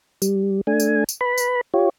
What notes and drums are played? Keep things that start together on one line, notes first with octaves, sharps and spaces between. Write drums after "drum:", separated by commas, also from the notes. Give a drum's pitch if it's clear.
G3, drum: tambourine
A3 D4 G#5
drum: tambourine
drum: tambourine
B4 B5
drum: tambourine
F4 G4 C#5